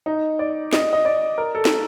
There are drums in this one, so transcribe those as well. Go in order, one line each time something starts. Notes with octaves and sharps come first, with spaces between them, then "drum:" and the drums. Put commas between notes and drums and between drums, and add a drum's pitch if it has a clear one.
D#4
D5
D#5, drum: snare
D#5
D5
A#4
A4
drum: snare